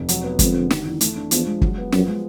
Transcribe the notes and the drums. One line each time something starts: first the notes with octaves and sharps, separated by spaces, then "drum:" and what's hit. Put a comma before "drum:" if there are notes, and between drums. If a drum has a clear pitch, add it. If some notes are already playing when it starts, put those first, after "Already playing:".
Already playing: F1
F#3, drum: hi-hat
B3
F2 G#3, drum: kick, hi-hat
D3
D#3, drum: snare
E2
A3, drum: hi-hat
D4
E2 F3, drum: hi-hat
G#3
F#3, drum: kick
B3
F#2 F3, drum: snare
G#3